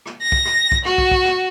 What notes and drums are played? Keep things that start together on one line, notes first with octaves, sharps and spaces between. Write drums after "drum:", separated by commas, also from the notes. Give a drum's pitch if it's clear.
drum: rim click
A#6
drum: kick
drum: rim click
drum: kick
F#4, drum: rim click
drum: kick
drum: kick
drum: rim click